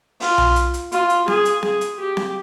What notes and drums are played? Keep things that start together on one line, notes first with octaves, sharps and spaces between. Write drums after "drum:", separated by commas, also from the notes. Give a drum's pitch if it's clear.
F4, drum: open hi-hat
drum: tom B1
drum: hi-hat
drum: hi-hat
F4, drum: hi-hat
drum: hi-hat
G#4, drum: snare C4
drum: hi-hat
G#4, drum: snare C4
drum: hi-hat
G4
drum: snare C4